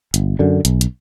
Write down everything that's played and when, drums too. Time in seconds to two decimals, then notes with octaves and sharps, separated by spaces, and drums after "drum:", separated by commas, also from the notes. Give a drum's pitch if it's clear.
0.14 G1, drum: hi-hat
0.39 F#2 D3
0.65 B1, drum: hi-hat
0.81 drum: hi-hat